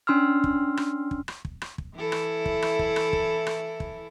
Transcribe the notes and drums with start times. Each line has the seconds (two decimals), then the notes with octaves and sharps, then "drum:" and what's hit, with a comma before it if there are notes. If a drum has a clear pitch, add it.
0.07 C#4 D4 C6 E6 F6
0.44 drum: kick
0.77 drum: rim click
1.11 drum: kick
1.28 drum: rim click
1.45 drum: kick
1.61 drum: rim click
1.78 drum: kick
1.95 E3 E4 A4
2.12 drum: rim click
2.46 drum: kick
2.62 drum: rim click
2.79 drum: kick
2.96 drum: rim click
3.13 drum: kick
3.46 drum: rim click
3.80 drum: kick